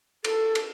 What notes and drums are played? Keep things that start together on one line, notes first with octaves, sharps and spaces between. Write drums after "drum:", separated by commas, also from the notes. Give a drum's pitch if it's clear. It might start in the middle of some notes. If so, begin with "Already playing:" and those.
A4, drum: cymbal
drum: cymbal